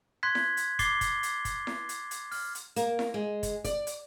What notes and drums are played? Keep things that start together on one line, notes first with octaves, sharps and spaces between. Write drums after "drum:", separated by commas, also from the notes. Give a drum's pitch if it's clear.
C6 F#6 G#6 B6
drum: snare E4
drum: hi-hat
D6 A6 C7 G7, drum: kick, hi-hat
drum: kick, hi-hat
drum: hi-hat
drum: kick, hi-hat
drum: snare E4
drum: hi-hat
drum: hi-hat
F6, drum: open hi-hat
drum: hi-hat
A#3, drum: hi-hat
drum: snare E4
G#3
drum: kick, hi-hat
D5, drum: kick, hi-hat
drum: hi-hat